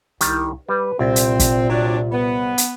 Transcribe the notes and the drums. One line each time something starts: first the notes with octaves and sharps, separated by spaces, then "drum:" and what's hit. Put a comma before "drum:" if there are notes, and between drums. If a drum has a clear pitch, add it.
C2 D#3 G3, drum: hi-hat
G3 B4
C2 A#2 C4
drum: hi-hat
drum: kick, hi-hat
F#3 C4 D4
B3
drum: hi-hat